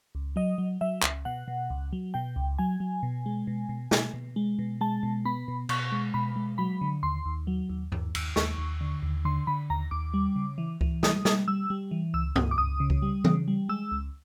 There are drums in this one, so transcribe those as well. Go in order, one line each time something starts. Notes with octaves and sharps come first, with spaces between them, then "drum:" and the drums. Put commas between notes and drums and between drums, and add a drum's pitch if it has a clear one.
C#2
F#3 D#5
F#3
F#3 E5
C#2, drum: clap
B2 F#5
B2
C#2
F#3
B2 G5
C#2
F#3 G#5
F#3
B2
G#3
B2
B2
B2, drum: snare
B2
G#3
B2
G#3 A5
B2
B3 B5
B2
B2 C#6, drum: cymbal
G#3
B2 B5
G#3
F#3 B5
D3
D#2 C6
D#2
F#3
D#2
D#2, drum: tom G2
D#2, drum: cymbal
D#2 C#6, drum: snare
D#2
D3
D#2
D3 C6
D3 B5
D#2 A#5
D#2 D6
G3
C#3
E3
E3, drum: kick C#2
G3 D#6, drum: snare
G3, drum: snare
G3 E6
G3
E3
C#2 E6
C#2 D#6, drum: tom G2
D6
C#2 D#6
C#3
drum: kick C#2
G3
C#3, drum: tom E3
G3
G#3 E6
C#2